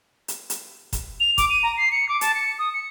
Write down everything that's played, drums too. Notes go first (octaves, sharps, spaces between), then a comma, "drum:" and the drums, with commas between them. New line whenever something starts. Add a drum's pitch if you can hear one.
drum: hi-hat
drum: hi-hat
drum: kick F#1, hi-hat
F7
D6, drum: kick F#1, hi-hat
D#7
A#5
C7
C#7
D6
A5, drum: hi-hat
C#7
D#6
C#7